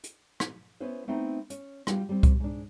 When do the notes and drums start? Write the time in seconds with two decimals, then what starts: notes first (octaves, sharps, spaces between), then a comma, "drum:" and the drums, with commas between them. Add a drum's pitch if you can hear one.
0.04 drum: hi-hat
0.40 drum: rim click
0.80 B3 C#4 E4 B4 C5
1.08 A3 B3 C4 D#4 E4 C5
1.50 C#4, drum: hi-hat
1.87 G3 D4 F4 G4, drum: rim click
2.09 G3 C4
2.23 drum: kick C2, hi-hat
2.40 G#2 D4